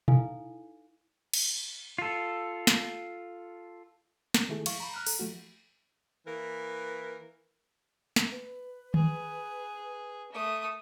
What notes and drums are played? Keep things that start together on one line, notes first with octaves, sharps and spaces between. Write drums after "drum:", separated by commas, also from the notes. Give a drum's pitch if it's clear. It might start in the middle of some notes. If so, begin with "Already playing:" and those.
D#4 E4 A4 B4 F5 G#5, drum: tom B2
drum: cymbal
F4 A4
drum: snare
drum: snare
D#3 A3 E4 G#4 A4
F3 F5 C#6, drum: cymbal
A#5 B5
A#5 F6 F#6
A4, drum: open hi-hat
F3 A3 F#4
E3 A#3 A#4 B4
drum: snare
B4
G#4, drum: tom D#3
A3 D#6